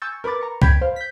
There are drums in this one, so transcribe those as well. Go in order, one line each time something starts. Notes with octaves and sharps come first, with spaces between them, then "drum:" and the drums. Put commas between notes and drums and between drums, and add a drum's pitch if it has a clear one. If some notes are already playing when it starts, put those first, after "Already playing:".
G#5 C#6 E6 G6 A6
A#4 B4 B5 D6 A6
A#5 C#6
G5 B5 G6 G#6 B6 D7, drum: kick
C5 F5
G6 B6